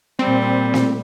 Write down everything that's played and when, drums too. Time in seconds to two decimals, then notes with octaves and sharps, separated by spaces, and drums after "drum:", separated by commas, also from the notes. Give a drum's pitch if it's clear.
0.19 A#2 G3 C4
0.74 drum: snare